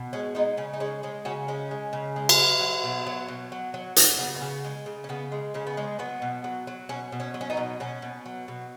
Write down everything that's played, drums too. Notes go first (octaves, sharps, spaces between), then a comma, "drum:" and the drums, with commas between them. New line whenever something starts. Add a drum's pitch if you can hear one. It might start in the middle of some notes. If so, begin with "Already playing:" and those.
Already playing: B2
G#3 C#4
G#3 B3 D#4
C#3 C#4
D#4
G#3 C#4
G#3 C#4
C#3 C#4 F#4
G#3 C#4
G#3
C#3
G#3
drum: cymbal
F#3
F#3
B2
F#3
B2
F#3
F#3
F#3, drum: hi-hat
C#3 B3
B3
C#3
G#3
C#3
C#4
C#3 B3
G#3
C#3 C#4
B3
G#3 C#4
F#3 B3
B2
F#3
F#3
B2 C#4
B2
C#4
F#3
C#4
B3 D#4
B2
B2 C#4
B2
F#3
B2